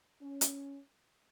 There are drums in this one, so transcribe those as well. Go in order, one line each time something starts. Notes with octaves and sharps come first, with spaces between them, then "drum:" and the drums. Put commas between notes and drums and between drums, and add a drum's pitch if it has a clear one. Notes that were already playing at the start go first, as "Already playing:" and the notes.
C#4
drum: hi-hat